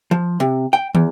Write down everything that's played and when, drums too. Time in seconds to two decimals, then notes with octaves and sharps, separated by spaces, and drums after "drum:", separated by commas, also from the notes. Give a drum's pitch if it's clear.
0.11 F3
0.40 C3
0.73 G5
0.95 E2, drum: tom